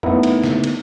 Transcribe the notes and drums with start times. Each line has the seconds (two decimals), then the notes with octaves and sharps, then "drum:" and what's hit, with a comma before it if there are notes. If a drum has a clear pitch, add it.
0.03 A3 B3 C4 D#4 E4 A#4, drum: tom F2
0.23 drum: cymbal
0.43 drum: snare
0.64 drum: cymbal